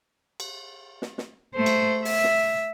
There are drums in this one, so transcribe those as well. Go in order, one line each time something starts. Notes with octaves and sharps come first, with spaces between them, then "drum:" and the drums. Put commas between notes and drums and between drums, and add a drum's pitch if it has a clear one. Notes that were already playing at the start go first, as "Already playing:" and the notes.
drum: cymbal
drum: snare
drum: snare
A3 C5
drum: cymbal
E5, drum: open hi-hat
drum: snare